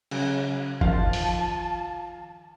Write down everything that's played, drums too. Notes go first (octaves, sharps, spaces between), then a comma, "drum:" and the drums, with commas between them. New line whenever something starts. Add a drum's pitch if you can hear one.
C#3 F#3, drum: cymbal
D#3 F3 F4 F5 A5, drum: kick G1
drum: open hi-hat